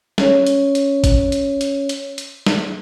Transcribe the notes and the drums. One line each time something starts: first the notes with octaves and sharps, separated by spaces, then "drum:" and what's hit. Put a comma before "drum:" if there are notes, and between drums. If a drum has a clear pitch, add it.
C#4 C#5, drum: snare
drum: hi-hat
drum: hi-hat
drum: kick G#1, hi-hat
drum: hi-hat
drum: hi-hat
drum: hi-hat
drum: hi-hat
drum: snare